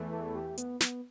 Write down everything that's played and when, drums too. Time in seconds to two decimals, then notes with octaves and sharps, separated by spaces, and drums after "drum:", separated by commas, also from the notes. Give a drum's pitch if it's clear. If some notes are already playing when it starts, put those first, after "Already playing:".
Already playing: E2 E3 A3
0.12 A4
0.35 G4
0.58 B3, drum: hi-hat
0.80 B3, drum: snare